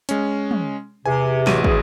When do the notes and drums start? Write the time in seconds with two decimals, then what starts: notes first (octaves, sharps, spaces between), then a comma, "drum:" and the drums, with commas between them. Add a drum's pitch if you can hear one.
0.09 G#3 C#4, drum: hi-hat
0.51 drum: tom
1.06 E2 C3 G#5
1.47 A1 F#4 D#7, drum: snare
1.64 B3 E4 G#4, drum: kick